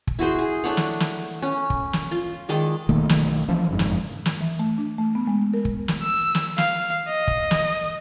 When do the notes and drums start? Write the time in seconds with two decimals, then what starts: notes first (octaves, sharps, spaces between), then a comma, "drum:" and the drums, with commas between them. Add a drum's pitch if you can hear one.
0.07 drum: kick
0.19 E4 F#4 G#4 C5
0.38 G#4
0.64 A3 D4 C#5 F#5
0.77 drum: snare
1.00 drum: snare
1.42 C#4
1.70 drum: kick
1.93 drum: snare
2.11 F4
2.49 D#3 G#3 D5
2.89 B1 D#3 A3 A#3, drum: kick
3.09 drum: snare
3.48 E3 F3 C#4
3.69 F#1 F2 G#2
3.79 drum: snare
4.26 drum: snare
4.41 E3
4.59 A3
4.78 D4
4.98 A3
5.15 B3
5.27 G#3
5.54 A#4
5.65 drum: kick
5.88 drum: snare
6.02 E6
6.35 drum: snare
6.58 F5, drum: snare
7.08 D#5
7.28 drum: kick
7.51 drum: snare